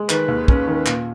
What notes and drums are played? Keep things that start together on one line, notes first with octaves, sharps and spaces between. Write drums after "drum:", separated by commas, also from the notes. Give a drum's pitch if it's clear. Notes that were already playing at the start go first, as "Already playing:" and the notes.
Already playing: G#3
D#3 B4, drum: clap
D#2
C#4 B4, drum: kick
D#3
A#2, drum: clap